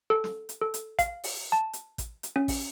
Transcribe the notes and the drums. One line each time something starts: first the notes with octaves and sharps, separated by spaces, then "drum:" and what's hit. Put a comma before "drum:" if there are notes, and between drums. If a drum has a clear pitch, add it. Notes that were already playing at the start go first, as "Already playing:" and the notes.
A4
drum: snare
drum: hi-hat
A4
drum: hi-hat
F5, drum: kick A1, hi-hat
drum: open hi-hat
A5
drum: hi-hat
drum: kick A1, hi-hat
drum: hi-hat
C#4
drum: kick A1, open hi-hat